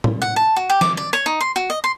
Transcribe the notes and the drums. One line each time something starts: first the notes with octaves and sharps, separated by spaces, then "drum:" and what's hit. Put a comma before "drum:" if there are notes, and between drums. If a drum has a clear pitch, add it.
drum: tom
F#5
A5
F#4
G4
D6, drum: snare
D5
C#5
D#4
C6
F#4
D#5
C6